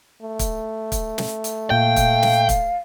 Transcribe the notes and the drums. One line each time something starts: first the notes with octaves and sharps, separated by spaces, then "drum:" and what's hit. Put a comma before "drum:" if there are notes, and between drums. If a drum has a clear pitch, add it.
A3
drum: kick, hi-hat
drum: kick, hi-hat
drum: snare
drum: hi-hat
A#2 F5 G5 G6
drum: kick, hi-hat
drum: snare
drum: kick, hi-hat